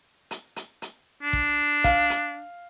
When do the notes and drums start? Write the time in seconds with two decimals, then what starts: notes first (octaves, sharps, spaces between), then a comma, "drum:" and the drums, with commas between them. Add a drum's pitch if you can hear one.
0.31 drum: hi-hat
0.56 drum: hi-hat
0.82 drum: hi-hat
1.23 D4
1.33 drum: kick
1.84 F5, drum: kick, hi-hat
2.10 drum: hi-hat